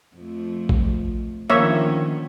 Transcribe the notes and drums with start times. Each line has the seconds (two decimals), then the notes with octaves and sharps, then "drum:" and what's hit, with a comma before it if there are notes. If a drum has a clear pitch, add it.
0.15 F2 F3 A3
0.69 drum: kick A#1
1.50 D3 D#3 F3 A#3 C#4 C#5 E5